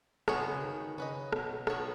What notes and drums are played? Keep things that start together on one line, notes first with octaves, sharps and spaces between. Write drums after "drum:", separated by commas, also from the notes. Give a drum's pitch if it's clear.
B2 G#3 B3 F#4 C#5, drum: rim click
C#3
C#3
D#3
D#3
C#3 C#4 B4 D#5
B2, drum: rim click
D#3 B3 F#4 C#5, drum: rim click